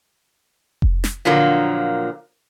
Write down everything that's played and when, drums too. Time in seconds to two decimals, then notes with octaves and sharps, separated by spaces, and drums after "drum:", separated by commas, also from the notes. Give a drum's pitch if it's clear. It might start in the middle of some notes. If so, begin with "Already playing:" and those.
0.82 drum: kick F1
1.04 drum: snare
1.25 A#2 D3 F3 F#3 A#3